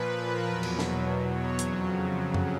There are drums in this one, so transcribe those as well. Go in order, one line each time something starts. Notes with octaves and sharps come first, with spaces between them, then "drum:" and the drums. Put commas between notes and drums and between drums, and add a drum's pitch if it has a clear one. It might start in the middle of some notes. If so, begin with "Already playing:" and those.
Already playing: A#2 F3 B4
A#4
E2 B2 F#3 B4
drum: cymbal
drum: snare
C#5
F2 C#3 F#3 C5, drum: hi-hat
drum: tom F#2